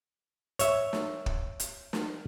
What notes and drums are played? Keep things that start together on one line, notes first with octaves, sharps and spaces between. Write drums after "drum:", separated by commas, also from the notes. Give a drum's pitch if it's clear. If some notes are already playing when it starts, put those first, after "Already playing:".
C#5 E5, drum: hi-hat
drum: snare
drum: kick
drum: hi-hat
drum: snare